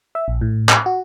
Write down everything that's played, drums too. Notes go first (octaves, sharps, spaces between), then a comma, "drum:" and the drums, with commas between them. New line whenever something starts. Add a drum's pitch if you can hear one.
E5
A#1
A2
drum: clap
F#4